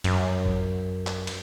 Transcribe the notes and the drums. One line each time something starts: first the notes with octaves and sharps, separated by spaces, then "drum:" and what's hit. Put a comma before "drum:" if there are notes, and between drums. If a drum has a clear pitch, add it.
F#2, drum: cymbal
drum: kick
drum: clap
drum: cymbal